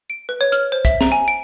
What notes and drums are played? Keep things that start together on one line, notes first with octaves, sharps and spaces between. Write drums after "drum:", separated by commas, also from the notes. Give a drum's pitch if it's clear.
D7
B4
C#5
F6, drum: hi-hat
C5
E5, drum: kick, hi-hat
A#5, drum: snare
G#5
D7